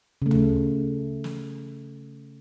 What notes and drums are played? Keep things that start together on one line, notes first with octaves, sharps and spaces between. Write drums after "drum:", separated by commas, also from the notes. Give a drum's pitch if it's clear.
C#3 A3
drum: tom D2
drum: snare